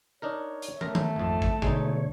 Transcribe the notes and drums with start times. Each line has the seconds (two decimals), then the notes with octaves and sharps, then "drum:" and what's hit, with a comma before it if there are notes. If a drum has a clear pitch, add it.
0.22 D4 D#4 A#4 C#5
0.62 drum: hi-hat
0.81 A3 A#4 A#5, drum: tom
0.95 drum: tom D#3
1.16 G#1 F2 A5
1.42 drum: kick
1.62 B2 D3 G#3 D#4 C#5, drum: kick